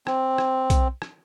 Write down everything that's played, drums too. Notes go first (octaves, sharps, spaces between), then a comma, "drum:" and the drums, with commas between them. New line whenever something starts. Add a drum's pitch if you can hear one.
C4, drum: rim click
drum: rim click
drum: kick B1, hi-hat
drum: rim click